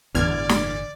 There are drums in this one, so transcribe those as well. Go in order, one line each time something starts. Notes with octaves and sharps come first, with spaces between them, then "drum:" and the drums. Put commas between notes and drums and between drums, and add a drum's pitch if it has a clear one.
G1 E2 A2 D3 D5 F6 G#6
drum: snare